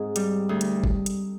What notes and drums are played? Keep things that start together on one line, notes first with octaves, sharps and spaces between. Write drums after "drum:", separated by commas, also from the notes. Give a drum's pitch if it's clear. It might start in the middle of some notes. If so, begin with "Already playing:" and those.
Already playing: G#2 C4
G3, drum: hi-hat
D2
drum: hi-hat
drum: kick
drum: hi-hat